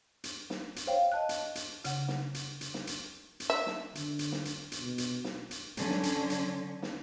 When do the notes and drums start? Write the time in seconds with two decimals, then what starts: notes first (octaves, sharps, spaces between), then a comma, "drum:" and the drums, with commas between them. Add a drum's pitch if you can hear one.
0.24 drum: hi-hat
0.50 drum: snare
0.76 drum: hi-hat
0.87 C5 C#5 F5 G5
1.12 D#5 A5 F#6
1.29 drum: hi-hat
1.55 drum: hi-hat
1.84 C#3 F#5, drum: hi-hat
2.08 drum: snare
2.34 drum: hi-hat
2.61 drum: hi-hat
2.74 drum: snare
2.87 drum: hi-hat
3.40 drum: hi-hat
3.50 E5
3.66 drum: snare
3.95 D3, drum: hi-hat
4.19 drum: hi-hat
4.32 drum: snare
4.45 drum: hi-hat
4.72 drum: hi-hat
4.81 B2
4.98 drum: hi-hat
5.24 drum: snare
5.51 drum: hi-hat
5.77 D3 F#3 C#4, drum: hi-hat
5.90 drum: snare
6.03 drum: hi-hat
6.30 drum: hi-hat
6.82 drum: snare